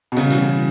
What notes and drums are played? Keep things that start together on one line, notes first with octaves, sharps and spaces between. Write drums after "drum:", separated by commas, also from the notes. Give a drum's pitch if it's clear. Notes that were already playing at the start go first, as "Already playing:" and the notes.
B2
C#3 E3 G3 C#4 F#4, drum: hi-hat
drum: hi-hat